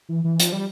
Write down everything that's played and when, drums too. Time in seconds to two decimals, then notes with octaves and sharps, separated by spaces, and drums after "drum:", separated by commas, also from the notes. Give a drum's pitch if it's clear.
0.09 E3
0.24 E3
0.40 F3, drum: hi-hat
0.53 G3